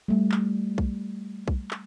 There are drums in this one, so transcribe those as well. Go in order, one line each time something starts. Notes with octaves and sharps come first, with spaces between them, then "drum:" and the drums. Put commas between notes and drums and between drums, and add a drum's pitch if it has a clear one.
G3 A3
drum: clap
drum: kick B1
drum: kick B1
drum: clap